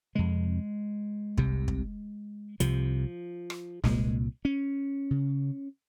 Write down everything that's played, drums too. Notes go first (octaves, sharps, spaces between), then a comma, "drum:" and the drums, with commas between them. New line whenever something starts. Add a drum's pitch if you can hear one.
F2 C3 G#3
C2 C3, drum: kick
drum: kick
C2 C3 F3, drum: hi-hat
drum: rim click
C2 A#2 G#3, drum: snare
C#4
C#3